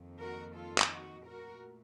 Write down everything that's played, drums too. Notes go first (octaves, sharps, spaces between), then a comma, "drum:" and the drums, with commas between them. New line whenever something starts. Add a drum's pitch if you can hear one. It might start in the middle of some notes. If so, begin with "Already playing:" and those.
Already playing: F2 D#3 A#3
F#4 A#4
F4 A4
drum: clap
D#4 F#4
A#2 A3 F#4 A#4